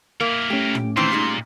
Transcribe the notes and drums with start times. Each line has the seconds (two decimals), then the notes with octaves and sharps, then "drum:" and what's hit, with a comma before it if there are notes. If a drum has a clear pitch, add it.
0.20 A#3 E4 A#4
0.50 A3 C#4 G4
0.75 drum: tom
0.97 A#2 D#3 E3 C4 C6
1.12 G3 G#3 D#4